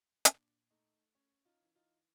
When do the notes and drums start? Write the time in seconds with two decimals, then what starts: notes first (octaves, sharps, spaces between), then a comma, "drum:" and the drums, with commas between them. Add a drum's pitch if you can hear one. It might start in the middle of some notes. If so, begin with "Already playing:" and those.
0.25 A#2 D4, drum: hi-hat
0.70 A3 D#4
1.15 C#4
1.45 D#4 F4
1.61 E3
1.75 D#4 F4